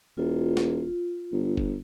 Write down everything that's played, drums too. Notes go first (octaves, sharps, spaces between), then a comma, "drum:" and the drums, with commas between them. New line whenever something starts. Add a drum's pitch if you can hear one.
E1 F4
drum: snare
G1
drum: kick F1